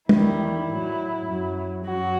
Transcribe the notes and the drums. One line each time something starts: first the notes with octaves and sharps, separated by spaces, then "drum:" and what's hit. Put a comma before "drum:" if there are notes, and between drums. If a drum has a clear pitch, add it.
E2 D#3 G3 E4, drum: tom
A2 F#3
F#2 F#3
F#2 F#3 F#4